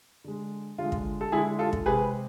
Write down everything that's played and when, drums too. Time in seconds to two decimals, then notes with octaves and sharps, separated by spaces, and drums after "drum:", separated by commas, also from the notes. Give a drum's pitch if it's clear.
0.24 D3 G#3
0.78 D3 G#3 F4
0.92 drum: kick
1.21 A4
1.32 D3 G#3 E4 G#4
1.59 F4 A4
1.73 drum: kick
1.86 C3 G#3 G#4 B4